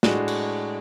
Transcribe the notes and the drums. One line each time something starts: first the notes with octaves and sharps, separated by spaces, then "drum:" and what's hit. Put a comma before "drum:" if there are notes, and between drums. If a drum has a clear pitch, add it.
A2 G#3 D4 F#4, drum: snare
drum: cymbal